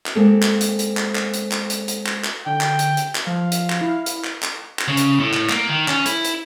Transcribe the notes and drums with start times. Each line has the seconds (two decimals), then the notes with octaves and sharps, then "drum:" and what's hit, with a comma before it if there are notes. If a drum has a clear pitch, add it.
0.06 drum: clap
0.15 G#3 A#3 C4 G4 A4
0.42 drum: clap
0.61 drum: hi-hat
0.79 drum: hi-hat
0.97 drum: clap
1.15 drum: clap
1.33 drum: hi-hat
1.52 drum: clap
1.70 drum: hi-hat
1.88 drum: hi-hat
2.06 drum: clap
2.24 drum: clap
2.46 D3 G5
2.61 drum: clap
2.79 drum: hi-hat
2.97 drum: hi-hat
3.15 drum: clap
3.27 F3 F5
3.52 drum: hi-hat
3.70 drum: clap
3.81 E4
4.06 drum: hi-hat
4.24 drum: clap
4.43 drum: clap
4.79 drum: clap
4.88 C#3
4.97 drum: hi-hat
5.20 A2
5.33 drum: clap
5.49 A#3, drum: clap
5.69 D#3
5.88 C#4, drum: clap
6.06 E4, drum: hi-hat
6.24 drum: hi-hat